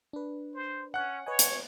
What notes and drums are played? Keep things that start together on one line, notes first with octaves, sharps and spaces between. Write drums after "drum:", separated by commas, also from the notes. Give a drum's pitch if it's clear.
D4 B4
C5
C#4 F#5 F#6
B4 C#5 D#5 G#5
drum: hi-hat